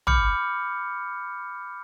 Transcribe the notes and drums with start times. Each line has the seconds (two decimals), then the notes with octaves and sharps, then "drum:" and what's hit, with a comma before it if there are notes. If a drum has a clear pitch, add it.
0.07 B5 D6 F6 G6 C#7, drum: tom